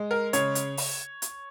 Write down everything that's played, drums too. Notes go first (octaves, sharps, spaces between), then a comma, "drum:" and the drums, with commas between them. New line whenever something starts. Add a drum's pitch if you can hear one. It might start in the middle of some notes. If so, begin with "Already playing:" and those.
Already playing: G#3
A#4
C#3 C#5, drum: hi-hat
drum: hi-hat
drum: open hi-hat
drum: hi-hat